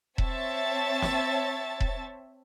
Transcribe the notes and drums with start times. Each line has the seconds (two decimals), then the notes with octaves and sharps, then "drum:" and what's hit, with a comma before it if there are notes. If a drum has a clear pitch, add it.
0.18 C4 C#5 E5 A5 A6, drum: kick E1
1.02 drum: snare
1.80 drum: kick E1